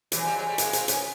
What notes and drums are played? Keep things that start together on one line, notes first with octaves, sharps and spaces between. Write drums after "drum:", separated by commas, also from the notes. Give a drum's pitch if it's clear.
E3 F#3, drum: hi-hat
F3 G3
F#3 G#3
G3 A3
G#3 A#3, drum: hi-hat
A#3 C4, drum: hi-hat
B3 C#4, drum: hi-hat